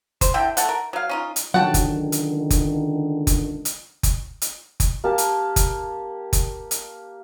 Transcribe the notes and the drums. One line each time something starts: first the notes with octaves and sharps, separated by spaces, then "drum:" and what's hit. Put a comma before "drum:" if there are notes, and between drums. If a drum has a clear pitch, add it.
C5, drum: kick F#1, hi-hat
D3 E4 E5 G5
A3 A4 F#5, drum: hi-hat
A#4
F#3 F5
C#4 D#4 F4
drum: hi-hat
C#2 D3 D#3 F#3 F#5 G5 A5
drum: kick F#1, hi-hat
drum: hi-hat
drum: kick F#1, hi-hat
drum: kick F#1, hi-hat
drum: hi-hat
drum: kick F#1, hi-hat
drum: hi-hat
drum: kick F#1, hi-hat
A#3 G4 A5
drum: hi-hat
drum: kick F#1, hi-hat
drum: kick F#1, hi-hat
drum: hi-hat